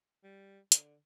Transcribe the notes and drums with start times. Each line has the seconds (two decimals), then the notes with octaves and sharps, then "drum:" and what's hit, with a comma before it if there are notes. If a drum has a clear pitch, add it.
0.24 G3
0.72 D3, drum: hi-hat